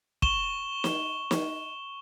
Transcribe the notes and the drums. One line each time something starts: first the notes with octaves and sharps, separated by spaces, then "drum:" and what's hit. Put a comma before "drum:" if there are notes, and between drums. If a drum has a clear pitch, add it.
C#6 E7 G7, drum: kick
drum: snare
drum: snare